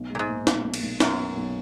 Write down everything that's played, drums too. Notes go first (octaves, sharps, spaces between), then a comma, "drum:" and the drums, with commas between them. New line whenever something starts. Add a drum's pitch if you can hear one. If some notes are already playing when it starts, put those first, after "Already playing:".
Already playing: B1
A#2 G#3
G#2
A#2
B1, drum: snare
B1
drum: cymbal
B1
F#2 B3, drum: snare
B3
B1